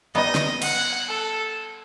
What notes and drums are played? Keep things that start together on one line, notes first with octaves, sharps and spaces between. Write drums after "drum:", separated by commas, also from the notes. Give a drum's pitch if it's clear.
G3 B3 D#4 D#5
drum: snare
F#5, drum: cymbal
A4